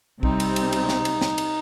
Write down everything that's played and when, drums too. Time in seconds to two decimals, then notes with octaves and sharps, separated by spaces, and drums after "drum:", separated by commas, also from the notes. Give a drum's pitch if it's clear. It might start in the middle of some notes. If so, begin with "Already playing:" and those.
0.23 C2 C3 G3 C4 D#4, drum: kick
0.40 drum: cymbal
0.56 drum: cymbal
0.72 drum: cymbal
0.89 drum: snare
1.05 drum: cymbal
1.21 drum: snare
1.38 drum: cymbal